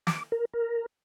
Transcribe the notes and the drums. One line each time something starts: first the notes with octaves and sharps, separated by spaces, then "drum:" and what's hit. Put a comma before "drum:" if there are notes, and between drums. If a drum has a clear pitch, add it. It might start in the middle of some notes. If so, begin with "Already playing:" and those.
D6, drum: snare
A#4
A#4